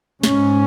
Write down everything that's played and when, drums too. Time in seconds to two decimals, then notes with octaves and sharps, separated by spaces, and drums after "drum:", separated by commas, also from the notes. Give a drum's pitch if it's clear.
0.23 G#2 C#4, drum: snare